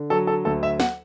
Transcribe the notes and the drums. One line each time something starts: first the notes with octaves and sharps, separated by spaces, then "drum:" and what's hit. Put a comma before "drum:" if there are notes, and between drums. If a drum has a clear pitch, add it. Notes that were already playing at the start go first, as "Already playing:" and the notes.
Already playing: D3
F#3 A4
A4
D2 A4
E5
F#5, drum: snare